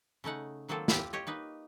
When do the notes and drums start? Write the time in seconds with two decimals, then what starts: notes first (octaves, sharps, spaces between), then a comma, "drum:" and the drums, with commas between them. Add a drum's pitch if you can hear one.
0.24 C#3 A3 D#4 F#5
0.68 D#3 F#3 A#3 C4 A4
0.88 E4 F4 G4, drum: snare
1.13 G4 C#5 D#5
1.27 A#3 D#4 B4